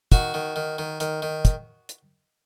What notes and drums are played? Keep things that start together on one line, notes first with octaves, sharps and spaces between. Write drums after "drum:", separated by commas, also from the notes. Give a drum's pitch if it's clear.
D#3 F#4, drum: kick, hi-hat
D#3
D#3
D#3
D#3, drum: hi-hat
D#3
drum: kick, hi-hat
drum: hi-hat